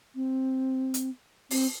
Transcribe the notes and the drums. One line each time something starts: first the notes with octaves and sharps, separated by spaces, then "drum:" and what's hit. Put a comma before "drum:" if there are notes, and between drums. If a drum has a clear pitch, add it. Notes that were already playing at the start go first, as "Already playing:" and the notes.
C4
drum: hi-hat
C4, drum: open hi-hat